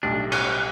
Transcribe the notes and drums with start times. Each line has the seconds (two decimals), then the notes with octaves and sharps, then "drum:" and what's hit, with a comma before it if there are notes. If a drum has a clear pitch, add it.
0.03 B1 A2 G3 D4
0.32 C#4, drum: cymbal